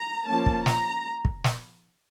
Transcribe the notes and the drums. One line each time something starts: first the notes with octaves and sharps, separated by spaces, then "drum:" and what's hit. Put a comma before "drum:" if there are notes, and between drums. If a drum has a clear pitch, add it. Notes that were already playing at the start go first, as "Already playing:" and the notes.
Already playing: A#5
F3 A#3 C#4 A5
drum: kick
A#5, drum: snare
drum: kick
drum: snare